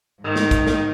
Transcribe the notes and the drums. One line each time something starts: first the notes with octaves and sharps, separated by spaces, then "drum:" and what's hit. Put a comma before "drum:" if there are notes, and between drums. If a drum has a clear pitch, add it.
G#2 D#3
drum: snare
drum: kick, hi-hat
drum: snare